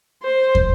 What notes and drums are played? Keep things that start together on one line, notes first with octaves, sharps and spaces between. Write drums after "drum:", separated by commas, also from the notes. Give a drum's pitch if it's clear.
C5
drum: kick